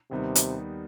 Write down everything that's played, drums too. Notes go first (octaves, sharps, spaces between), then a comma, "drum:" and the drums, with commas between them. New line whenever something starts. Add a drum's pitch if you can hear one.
D#2 C3 D#3 G3 B3 D#4
drum: hi-hat